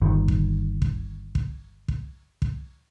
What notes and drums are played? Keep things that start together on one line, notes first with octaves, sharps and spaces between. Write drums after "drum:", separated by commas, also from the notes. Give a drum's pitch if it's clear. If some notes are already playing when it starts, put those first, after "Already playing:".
G1 D#3
drum: kick
drum: kick
drum: kick
drum: kick
drum: kick